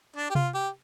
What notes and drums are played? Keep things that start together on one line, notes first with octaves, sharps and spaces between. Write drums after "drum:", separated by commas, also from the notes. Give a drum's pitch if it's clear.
D4
G4
F4, drum: tom C3
G4